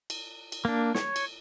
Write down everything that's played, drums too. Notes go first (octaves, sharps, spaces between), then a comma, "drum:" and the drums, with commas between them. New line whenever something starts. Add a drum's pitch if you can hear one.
drum: cymbal
drum: cymbal
A#3 D4
C#5, drum: snare
drum: cymbal